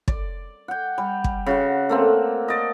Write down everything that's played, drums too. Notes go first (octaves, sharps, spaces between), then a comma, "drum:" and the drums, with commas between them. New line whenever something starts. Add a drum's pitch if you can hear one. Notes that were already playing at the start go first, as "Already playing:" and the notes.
D5, drum: kick
F#5 G5
G3
drum: kick
C#3 F#4 F#5
A3 A#3 C4
D5 D#5